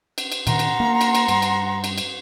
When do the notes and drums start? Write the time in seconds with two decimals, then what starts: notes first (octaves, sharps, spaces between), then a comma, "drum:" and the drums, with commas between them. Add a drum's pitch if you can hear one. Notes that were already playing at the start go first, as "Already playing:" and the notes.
0.18 drum: cymbal
0.32 drum: cymbal
0.47 A#2 D#3 F#5 A#5 C6, drum: cymbal
0.59 drum: cymbal
0.80 A#3
1.01 drum: cymbal
1.15 drum: cymbal
1.28 G2, drum: cymbal
1.42 drum: cymbal
1.84 drum: cymbal
1.98 drum: cymbal